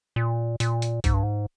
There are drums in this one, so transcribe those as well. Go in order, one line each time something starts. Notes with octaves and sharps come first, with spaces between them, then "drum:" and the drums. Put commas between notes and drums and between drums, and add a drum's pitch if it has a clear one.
A#2
A#2, drum: hi-hat
drum: hi-hat
G#2, drum: kick B1, hi-hat
G2
G#2